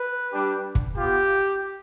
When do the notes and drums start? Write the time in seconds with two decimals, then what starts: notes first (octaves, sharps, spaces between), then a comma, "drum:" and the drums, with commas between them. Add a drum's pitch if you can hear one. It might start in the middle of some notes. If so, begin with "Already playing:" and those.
Already playing: B4
0.33 G3 D4 G4
0.75 drum: kick
0.96 B3 F4 G4